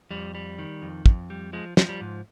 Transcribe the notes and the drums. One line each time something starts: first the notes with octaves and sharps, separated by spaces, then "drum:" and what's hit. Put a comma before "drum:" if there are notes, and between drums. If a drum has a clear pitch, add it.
F2 G3
G3
D#3
F2
F2, drum: kick
G3
F3 G#3
F3, drum: snare
G3
G#2